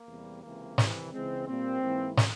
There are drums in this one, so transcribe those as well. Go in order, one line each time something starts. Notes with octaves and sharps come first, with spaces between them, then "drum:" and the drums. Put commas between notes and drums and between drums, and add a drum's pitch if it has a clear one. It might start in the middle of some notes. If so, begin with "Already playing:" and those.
Already playing: A#3
E2 C3 G3
C#2 C3 E3 A#3
C2 C3 E3, drum: snare
C#2 C#3 E3 G#3 C4
A#2 G3 A#3 C4
G#2 E3 A#3
drum: snare